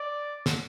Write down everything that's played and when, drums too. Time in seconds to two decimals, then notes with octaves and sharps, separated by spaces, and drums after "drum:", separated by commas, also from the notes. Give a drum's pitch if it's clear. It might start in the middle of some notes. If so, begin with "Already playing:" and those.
Already playing: D5
0.46 drum: snare